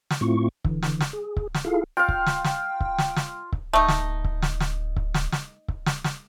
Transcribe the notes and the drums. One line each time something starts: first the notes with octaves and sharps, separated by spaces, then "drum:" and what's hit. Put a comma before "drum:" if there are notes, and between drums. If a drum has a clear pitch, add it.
drum: snare
A2 A3 C4 E4 F4 C#6
D3 E3, drum: kick C#1
drum: snare
drum: snare
G#4
drum: kick C#1
drum: snare
E4 F4 G#4 A4 F5
F4 F5 G5
drum: kick C#1
drum: snare
drum: snare
drum: kick C#1
drum: snare
drum: snare
drum: kick C#1
D1 A3 D#4
drum: snare
drum: kick C#1
drum: snare
drum: snare
drum: kick C#1
drum: snare
drum: snare
drum: kick C#1
drum: snare
drum: snare